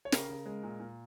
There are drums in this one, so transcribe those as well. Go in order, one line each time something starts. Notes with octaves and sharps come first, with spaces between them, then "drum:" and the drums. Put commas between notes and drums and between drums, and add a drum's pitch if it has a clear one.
C#5
C#3 A#4, drum: snare
C#3
G#3
A#2
A#2